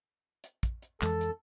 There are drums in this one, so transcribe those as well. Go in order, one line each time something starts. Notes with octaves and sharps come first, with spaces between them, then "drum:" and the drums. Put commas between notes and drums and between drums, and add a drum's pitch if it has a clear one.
drum: hi-hat
drum: kick, hi-hat
drum: hi-hat
F2 E3 G#3 A4, drum: clap
drum: hi-hat